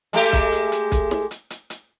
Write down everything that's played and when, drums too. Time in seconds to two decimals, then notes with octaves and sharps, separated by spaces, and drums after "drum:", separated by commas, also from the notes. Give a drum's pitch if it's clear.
0.13 G#3 A3 G4, drum: hi-hat
0.33 drum: kick, hi-hat
0.52 drum: hi-hat
0.72 drum: hi-hat
0.92 drum: kick, hi-hat
1.11 drum: snare
1.31 drum: hi-hat
1.50 drum: hi-hat
1.70 drum: hi-hat